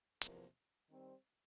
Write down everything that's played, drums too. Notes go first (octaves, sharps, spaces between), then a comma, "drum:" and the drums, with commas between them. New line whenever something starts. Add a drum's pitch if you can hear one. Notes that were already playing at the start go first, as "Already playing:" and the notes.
E2 C3 F3 A#3, drum: hi-hat
D#3 G3 C4